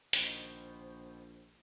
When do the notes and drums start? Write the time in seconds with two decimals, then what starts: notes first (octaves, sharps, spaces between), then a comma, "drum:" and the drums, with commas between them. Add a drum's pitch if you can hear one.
0.13 A#1 B2 D#3 C5, drum: hi-hat